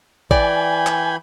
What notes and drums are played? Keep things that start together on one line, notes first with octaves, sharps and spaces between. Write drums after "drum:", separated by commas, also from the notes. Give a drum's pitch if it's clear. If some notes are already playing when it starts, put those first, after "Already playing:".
E3 D5 G5 G#5 B5, drum: kick A1
drum: clap